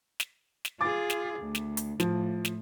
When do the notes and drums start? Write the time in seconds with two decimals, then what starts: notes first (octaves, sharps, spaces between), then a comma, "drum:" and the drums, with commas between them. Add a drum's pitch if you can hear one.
0.20 drum: snare
0.65 drum: snare
0.81 F4 G#4 D6 A6
1.10 drum: snare
1.40 D2
1.55 drum: snare
1.77 drum: hi-hat
2.00 A2 F3, drum: snare
2.45 drum: snare